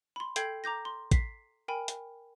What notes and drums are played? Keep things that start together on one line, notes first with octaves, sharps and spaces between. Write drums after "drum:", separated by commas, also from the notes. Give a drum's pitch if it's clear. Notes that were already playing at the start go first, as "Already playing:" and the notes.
B5 C6
A4 G5 G6 G#6 C7, drum: hi-hat
A#5 D6 G6 A#6
C6
B6 C7, drum: kick, hi-hat
A#4 G5 G#5 B5
drum: hi-hat